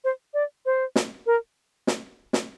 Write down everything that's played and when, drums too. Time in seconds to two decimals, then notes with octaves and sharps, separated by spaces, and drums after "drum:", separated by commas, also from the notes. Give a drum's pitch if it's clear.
0.04 C5
0.34 D5
0.66 C5
0.96 drum: snare
1.26 A#4
1.87 drum: snare
2.33 drum: snare